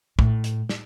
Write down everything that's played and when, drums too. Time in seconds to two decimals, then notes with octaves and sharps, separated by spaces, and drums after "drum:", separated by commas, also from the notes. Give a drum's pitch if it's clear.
0.19 A2, drum: kick
0.44 drum: hi-hat
0.69 drum: snare